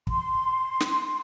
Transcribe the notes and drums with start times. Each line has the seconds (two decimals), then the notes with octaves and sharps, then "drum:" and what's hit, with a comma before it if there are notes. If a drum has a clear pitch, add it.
0.07 C6, drum: kick
0.80 drum: snare